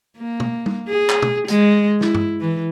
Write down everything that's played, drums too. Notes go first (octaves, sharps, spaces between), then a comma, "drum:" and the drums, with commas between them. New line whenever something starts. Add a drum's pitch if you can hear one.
A#3
drum: tom
drum: tom G3
G#4
drum: clap
drum: tom
G#3, drum: hi-hat
E4, drum: snare
drum: tom G2
E3